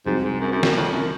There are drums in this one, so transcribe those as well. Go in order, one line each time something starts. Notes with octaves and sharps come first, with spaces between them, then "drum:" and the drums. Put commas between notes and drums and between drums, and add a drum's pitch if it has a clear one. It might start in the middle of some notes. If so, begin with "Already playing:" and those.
C2 G#2 C3 F3 C4 F#4
G#2
F#2
F#2
F#2, drum: snare
F2
F#2